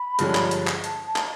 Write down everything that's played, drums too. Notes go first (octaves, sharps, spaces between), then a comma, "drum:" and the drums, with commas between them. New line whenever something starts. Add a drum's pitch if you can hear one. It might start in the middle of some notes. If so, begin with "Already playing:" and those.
Already playing: B5
G2 D3 F3 G#3 C#4, drum: hi-hat
drum: clap
drum: hi-hat
drum: clap
A5, drum: hi-hat
A5
drum: clap